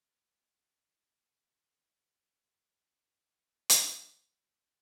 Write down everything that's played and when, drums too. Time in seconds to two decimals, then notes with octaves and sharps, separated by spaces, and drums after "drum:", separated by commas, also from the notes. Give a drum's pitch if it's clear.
0.19 D#5
0.34 G#3
0.61 F5
0.77 A#4
1.08 G#4
1.23 A4
1.36 B3
1.59 F#5
1.70 F#5
1.91 G#2
2.09 F#5
2.37 G4
3.24 G#3 A#3 D#4 F#4 G#4 D5
3.70 drum: hi-hat